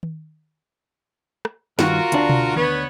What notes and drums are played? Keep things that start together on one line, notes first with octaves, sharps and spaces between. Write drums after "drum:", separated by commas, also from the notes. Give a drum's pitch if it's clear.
drum: tom D#3
drum: rim click
G2 D#3 F4 F#4 A#4, drum: snare
D2 D4, drum: hi-hat
drum: tom B2
B3 B4 C#5, drum: tom D#3